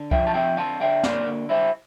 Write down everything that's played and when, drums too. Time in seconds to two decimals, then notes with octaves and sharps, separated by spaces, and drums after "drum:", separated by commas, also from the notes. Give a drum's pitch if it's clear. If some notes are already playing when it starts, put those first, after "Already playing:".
Already playing: D3
0.11 F3 E5 G5, drum: kick C2
0.27 A5
0.34 C4 E5 G5
0.57 D3 F5 A5
0.81 D3 E5 G5
1.03 A#3 D5 F5, drum: snare
1.26 D3
1.49 E4 C5 E5